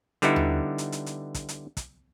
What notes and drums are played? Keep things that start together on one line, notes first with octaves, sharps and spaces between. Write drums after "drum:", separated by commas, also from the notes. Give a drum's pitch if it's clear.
D3 G3 B3 D#4 E4, drum: hi-hat
drum: tom D#2
drum: hi-hat
drum: hi-hat
drum: hi-hat
drum: kick, hi-hat
drum: hi-hat
drum: kick, hi-hat